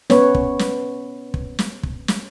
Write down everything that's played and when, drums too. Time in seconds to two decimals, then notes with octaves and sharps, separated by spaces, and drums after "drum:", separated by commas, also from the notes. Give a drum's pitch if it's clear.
0.10 B3 C#4 B4 C#5, drum: snare
0.35 drum: kick
0.59 drum: snare
1.34 drum: kick
1.59 drum: snare
1.83 drum: kick
2.08 drum: snare